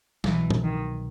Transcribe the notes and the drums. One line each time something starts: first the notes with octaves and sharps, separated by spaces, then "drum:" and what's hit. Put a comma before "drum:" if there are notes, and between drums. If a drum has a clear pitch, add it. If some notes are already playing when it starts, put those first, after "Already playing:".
C2 B2 E3 F#3, drum: snare
drum: tom
D#3